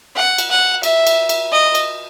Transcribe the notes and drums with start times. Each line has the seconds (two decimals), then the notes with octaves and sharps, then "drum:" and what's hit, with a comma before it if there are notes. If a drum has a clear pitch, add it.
0.16 F#5
0.38 drum: cymbal
0.50 F#5
0.83 E5, drum: cymbal
1.07 drum: cymbal
1.29 drum: cymbal
1.52 D#5
1.75 drum: cymbal